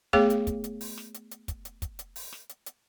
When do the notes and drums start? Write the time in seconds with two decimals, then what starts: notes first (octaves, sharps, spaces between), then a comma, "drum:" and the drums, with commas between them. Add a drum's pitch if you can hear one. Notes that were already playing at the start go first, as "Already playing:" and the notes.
0.13 A3 B3 G#4 C#5 F5 D6, drum: kick
0.30 drum: hi-hat
0.47 drum: kick, hi-hat
0.64 drum: hi-hat
0.81 drum: open hi-hat
0.97 drum: snare
1.14 drum: hi-hat
1.31 drum: hi-hat
1.48 drum: kick, hi-hat
1.65 drum: hi-hat
1.82 drum: kick, hi-hat
1.99 drum: hi-hat
2.16 drum: open hi-hat
2.33 drum: snare
2.49 drum: hi-hat
2.66 drum: hi-hat